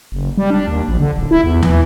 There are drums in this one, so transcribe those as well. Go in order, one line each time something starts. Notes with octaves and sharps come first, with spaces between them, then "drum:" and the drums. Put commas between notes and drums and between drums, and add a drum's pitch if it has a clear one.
F#1
G3
D4
D#2
A#1
D3
D1
E4
E2
E3, drum: tom